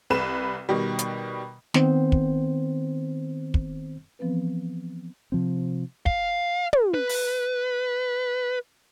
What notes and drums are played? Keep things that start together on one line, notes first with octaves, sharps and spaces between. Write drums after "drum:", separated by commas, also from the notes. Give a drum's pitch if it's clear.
C2 B4 E7
B2 D#3 G3
drum: hi-hat
D#3 B3 C4 C5, drum: snare
drum: kick
drum: kick
E3 F3 B3 C4 B4
C3 F3 C4
F5, drum: kick
drum: tom
B4
drum: open hi-hat